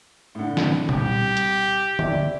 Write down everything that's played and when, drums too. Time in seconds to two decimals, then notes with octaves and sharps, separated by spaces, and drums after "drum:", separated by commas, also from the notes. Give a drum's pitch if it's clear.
0.35 A2 D3
0.57 drum: snare
0.89 C2 G4, drum: tom A#2
1.37 drum: hi-hat
1.99 E4 D5, drum: tom D3